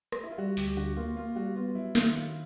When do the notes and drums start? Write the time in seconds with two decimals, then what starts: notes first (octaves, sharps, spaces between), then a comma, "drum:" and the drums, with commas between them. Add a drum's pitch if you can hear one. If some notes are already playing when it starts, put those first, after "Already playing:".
0.12 drum: rim click
0.23 E4
0.31 F4
0.38 G3 F#4
0.57 D2 G4, drum: open hi-hat
0.77 D3 F#4
0.96 A#3 F4
1.16 A#3 F4
1.36 G3 F#4
1.56 B3 F4
1.75 F#3 E4
1.95 D#3 F4, drum: snare
2.14 F#3 F4